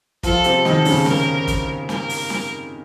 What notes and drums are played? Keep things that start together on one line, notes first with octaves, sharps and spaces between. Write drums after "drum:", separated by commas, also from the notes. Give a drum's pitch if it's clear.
F3 F4 A4, drum: kick, hi-hat
C3 C4, drum: hi-hat
D#3 D#4 A4, drum: snare
C#3 C#4, drum: open hi-hat
A#4, drum: snare
drum: kick, hi-hat
A#4, drum: snare
drum: open hi-hat
drum: snare